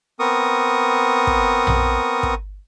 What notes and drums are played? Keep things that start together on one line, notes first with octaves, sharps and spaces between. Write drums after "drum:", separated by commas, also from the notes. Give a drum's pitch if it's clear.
B3 C4 A#4 C#6 D#6
drum: kick
drum: tom A#1
drum: kick